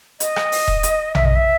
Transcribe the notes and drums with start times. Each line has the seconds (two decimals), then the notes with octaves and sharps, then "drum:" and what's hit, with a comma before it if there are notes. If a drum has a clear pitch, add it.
0.20 D#5, drum: hi-hat
0.36 drum: rim click
0.52 drum: open hi-hat
0.68 drum: kick D#1
0.83 drum: hi-hat
1.15 E5, drum: tom A#1
1.25 D#5
1.35 E5